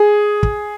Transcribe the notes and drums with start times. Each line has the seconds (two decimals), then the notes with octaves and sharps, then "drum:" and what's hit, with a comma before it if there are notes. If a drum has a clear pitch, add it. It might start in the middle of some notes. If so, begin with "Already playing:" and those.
Already playing: G#4
0.43 drum: kick